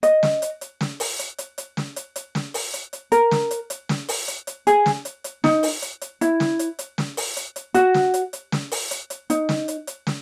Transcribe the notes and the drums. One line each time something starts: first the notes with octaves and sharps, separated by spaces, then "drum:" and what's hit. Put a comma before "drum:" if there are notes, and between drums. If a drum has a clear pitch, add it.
D#5, drum: hi-hat
drum: snare
drum: hi-hat
drum: hi-hat
drum: snare
drum: open hi-hat
drum: hi-hat
drum: hi-hat
drum: hi-hat
drum: snare
drum: hi-hat
drum: hi-hat
drum: snare
drum: open hi-hat
drum: hi-hat
drum: hi-hat
A#4, drum: hi-hat
drum: snare
drum: hi-hat
drum: hi-hat
drum: snare
drum: open hi-hat
drum: hi-hat
drum: hi-hat
G#4, drum: hi-hat
drum: snare
drum: hi-hat
drum: hi-hat
D#4, drum: snare
drum: open hi-hat
drum: hi-hat
drum: hi-hat
E4, drum: hi-hat
drum: snare
drum: hi-hat
drum: hi-hat
drum: snare
drum: open hi-hat
drum: hi-hat
drum: hi-hat
F#4, drum: hi-hat
drum: snare
drum: hi-hat
drum: hi-hat
drum: snare
drum: open hi-hat
drum: hi-hat
drum: hi-hat
D#4, drum: hi-hat
drum: snare
drum: hi-hat
drum: hi-hat
drum: snare